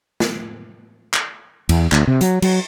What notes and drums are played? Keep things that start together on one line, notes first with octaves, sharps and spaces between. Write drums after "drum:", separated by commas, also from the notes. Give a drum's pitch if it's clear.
drum: snare
drum: clap
E2, drum: cymbal
D2, drum: clap
C3
F#3, drum: hi-hat
F#3, drum: cymbal